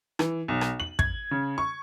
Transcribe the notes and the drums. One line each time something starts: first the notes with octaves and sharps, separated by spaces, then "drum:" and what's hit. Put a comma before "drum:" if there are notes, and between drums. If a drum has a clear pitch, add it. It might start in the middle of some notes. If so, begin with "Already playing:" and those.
E3, drum: rim click
B1
drum: rim click
F#7
G#6, drum: kick
C#3
C#6